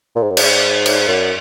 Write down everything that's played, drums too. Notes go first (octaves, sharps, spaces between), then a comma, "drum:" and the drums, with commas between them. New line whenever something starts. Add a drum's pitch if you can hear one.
A#2
G#2
F#2
G#2, drum: cymbal
drum: cymbal
F#2